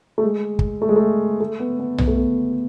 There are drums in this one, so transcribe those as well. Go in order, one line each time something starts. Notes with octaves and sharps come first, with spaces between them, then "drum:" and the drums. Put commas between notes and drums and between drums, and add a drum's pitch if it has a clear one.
A3
G#3
drum: kick
A3
G#3
A3
A3
B3
B3
B3, drum: tom B1
A3
B3